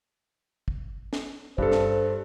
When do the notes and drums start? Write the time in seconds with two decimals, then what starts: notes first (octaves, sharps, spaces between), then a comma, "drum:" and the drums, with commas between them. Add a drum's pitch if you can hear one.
0.68 drum: kick
1.13 drum: snare
1.58 G2 A4 C5, drum: kick
1.72 drum: snare